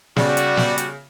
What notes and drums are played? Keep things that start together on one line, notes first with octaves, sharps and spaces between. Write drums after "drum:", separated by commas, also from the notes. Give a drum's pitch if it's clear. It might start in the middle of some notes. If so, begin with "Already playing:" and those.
C#3 G3 F#4 D5, drum: snare
drum: hi-hat
drum: snare
drum: hi-hat